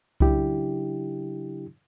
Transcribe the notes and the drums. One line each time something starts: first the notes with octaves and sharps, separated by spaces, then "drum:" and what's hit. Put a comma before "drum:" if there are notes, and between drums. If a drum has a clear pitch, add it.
C#3 F#3 D4 E4 G4, drum: kick C2